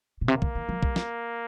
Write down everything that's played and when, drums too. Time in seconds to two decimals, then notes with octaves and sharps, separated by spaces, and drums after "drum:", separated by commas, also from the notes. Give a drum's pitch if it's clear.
0.21 A#2
0.28 C3 A#3
0.42 D3, drum: kick
0.55 D#3
0.69 F3
0.83 G3, drum: kick
0.96 drum: snare